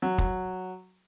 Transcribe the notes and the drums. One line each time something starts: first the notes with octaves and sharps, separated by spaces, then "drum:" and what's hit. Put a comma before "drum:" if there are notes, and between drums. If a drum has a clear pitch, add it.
F#3
drum: kick